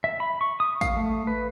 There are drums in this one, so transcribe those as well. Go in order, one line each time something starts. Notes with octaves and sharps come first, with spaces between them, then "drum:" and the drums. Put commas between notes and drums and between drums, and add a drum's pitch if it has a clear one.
E5
B5
C#6
D#6
F5, drum: kick A1, tambourine
A3
B4